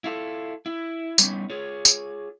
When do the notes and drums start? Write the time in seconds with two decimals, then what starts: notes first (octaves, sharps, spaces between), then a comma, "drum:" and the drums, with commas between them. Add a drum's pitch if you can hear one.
0.04 E4 F4 A4
0.66 E4
1.18 F#3 G3 B3 C#4 D#4, drum: tambourine
1.50 F4 G#4 C#5
1.85 drum: tambourine